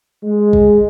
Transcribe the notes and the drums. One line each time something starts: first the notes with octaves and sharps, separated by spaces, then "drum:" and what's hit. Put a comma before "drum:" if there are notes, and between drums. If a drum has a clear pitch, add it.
G#3
drum: kick G#1